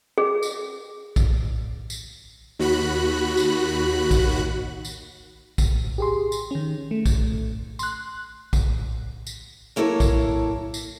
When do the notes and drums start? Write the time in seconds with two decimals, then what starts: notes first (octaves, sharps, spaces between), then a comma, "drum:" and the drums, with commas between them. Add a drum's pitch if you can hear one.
0.18 G#4
0.43 drum: tambourine
1.16 drum: kick A#1, tambourine
1.90 drum: tambourine
2.59 D#2 F#4 B5 F#6
3.37 drum: tambourine
4.11 drum: kick A#1, tambourine
4.85 drum: tambourine
5.58 drum: kick A#1, tambourine
5.98 G4 G#4 C6
6.32 drum: tambourine
6.51 D#3 C#4
6.91 A3
7.06 drum: kick A#1, tambourine
7.79 C6 F#6, drum: tambourine
8.53 drum: kick A#1, tambourine
9.27 drum: tambourine
9.76 F#3 A#3 E4 A4 C#5
10.00 drum: kick A#1, tambourine
10.74 drum: tambourine